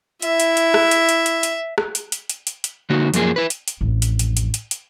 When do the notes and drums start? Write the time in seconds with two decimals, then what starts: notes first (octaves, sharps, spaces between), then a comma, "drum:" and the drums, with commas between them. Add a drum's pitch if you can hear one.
0.22 E4 E5, drum: hi-hat
0.40 drum: hi-hat
0.57 drum: hi-hat
0.74 drum: rim click
0.91 drum: hi-hat
1.09 drum: hi-hat
1.26 drum: hi-hat
1.43 drum: hi-hat
1.78 drum: rim click
1.95 drum: hi-hat
2.12 drum: hi-hat
2.29 drum: hi-hat
2.47 drum: hi-hat
2.64 drum: hi-hat
2.90 D3 A#3 D#4 F#4
3.14 F#2 F3 A#3 G#4, drum: hi-hat
3.36 E4 B4
3.50 drum: hi-hat
3.68 drum: hi-hat
3.81 A1 F2
4.02 drum: hi-hat
4.19 drum: hi-hat
4.37 drum: hi-hat
4.54 drum: hi-hat
4.71 drum: hi-hat